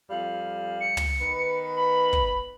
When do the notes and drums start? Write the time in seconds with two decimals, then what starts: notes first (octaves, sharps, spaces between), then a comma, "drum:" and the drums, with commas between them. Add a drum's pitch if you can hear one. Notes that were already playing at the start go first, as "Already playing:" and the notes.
0.10 F2 G3 F5
0.81 C#7
0.97 drum: tom
1.21 D#3 B3 B4
1.75 B5
2.13 drum: kick